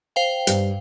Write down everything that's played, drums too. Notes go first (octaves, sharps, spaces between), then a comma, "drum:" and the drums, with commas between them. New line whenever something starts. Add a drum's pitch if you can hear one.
C5 F5 G5
G2, drum: hi-hat